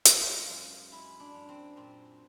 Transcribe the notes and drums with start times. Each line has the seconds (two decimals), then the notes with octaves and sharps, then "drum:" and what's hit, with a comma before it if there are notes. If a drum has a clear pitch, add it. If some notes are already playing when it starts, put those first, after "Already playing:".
0.05 G#3 F4, drum: hi-hat
0.49 F#2
0.92 G#3 E4
1.20 D4
1.34 F#2
1.49 C4
1.76 A#2 C4